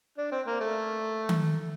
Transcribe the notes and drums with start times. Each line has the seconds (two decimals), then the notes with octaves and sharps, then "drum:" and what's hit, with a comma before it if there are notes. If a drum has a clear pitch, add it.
0.18 D4
0.31 C4
0.46 A#3
0.60 A3
1.29 drum: tom D#3